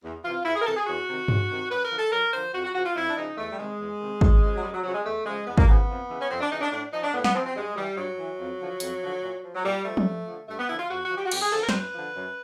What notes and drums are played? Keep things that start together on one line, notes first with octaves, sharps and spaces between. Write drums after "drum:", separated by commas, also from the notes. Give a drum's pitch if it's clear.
E2
C3 E3 F4
E2 E4
G#4
A#4
C3 E3 A4
G#4
E2 F#4
C3 D#3
E2, drum: tom G2
C3 D#3
F#2 B4
A#4
D3 F3
A4
F#2 A#4
D3 F3 C5
F2 F#4
F#4
C#3 F3 F#4
F4
F2 E4
D4
C#3 F3 D#4
E2 A3
G3
C3 D#3 G#3
E2
C3 D#3
F#2, drum: kick
C#3 F3
F#3
F#2 G3
F#3
C#3 F3 F#3
G#3
E2 A3
C#3 F3 G#3
E2 B3
A#3, drum: kick
C#3 F3 B3
F2
C#3 E3
C#4
F2 C4
D4
C#3 E3 D#4
D4
A2 D4
F3 D#4
D4
A2 B3
B3, drum: snare
F3 C4
C4
G2 G#3
E3 G3
G2 F#3
E3
F2
D3 F3
F2, drum: hi-hat
D3 F3
A#2
F3
F#3
A#2 G3
F3 A3
drum: tom F3
G2
D3 F3
G2 A3
B3
D3 F3 E4
F4
F2 F#4
F#4
D3 F3
G4
F#4
F2 G4, drum: cymbal
G#4
D3 F3 A4
A#4
C5, drum: snare
F#2 B4
D3 F3
F#2